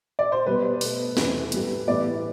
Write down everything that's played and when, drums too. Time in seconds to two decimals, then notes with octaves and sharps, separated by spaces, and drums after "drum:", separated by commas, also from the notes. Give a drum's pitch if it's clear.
0.19 D5
0.32 C5
0.46 B2 G3 B3 B4
0.81 B2 A3, drum: open hi-hat
1.17 E2 C3 E3 A3 B4, drum: snare
1.52 A2 G3 B3, drum: hi-hat
1.88 A2 E3 G3 B3 D5